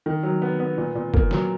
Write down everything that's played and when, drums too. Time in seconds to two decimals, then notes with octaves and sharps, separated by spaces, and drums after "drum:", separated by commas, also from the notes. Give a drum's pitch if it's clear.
0.06 D#3
0.23 F#3
0.42 B3
0.60 B3
0.77 A#2
0.95 A#2
1.14 A#3, drum: kick
1.31 F#3, drum: snare